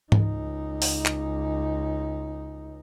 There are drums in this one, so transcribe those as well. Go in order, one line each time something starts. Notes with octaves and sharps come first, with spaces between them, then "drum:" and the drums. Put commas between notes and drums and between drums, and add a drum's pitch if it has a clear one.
C#2 D#4, drum: tom G#2
drum: open hi-hat
drum: clap